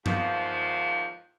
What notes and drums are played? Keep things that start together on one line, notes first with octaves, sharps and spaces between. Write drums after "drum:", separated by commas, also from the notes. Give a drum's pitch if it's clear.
E2 G#2 D#3 F3, drum: tom G2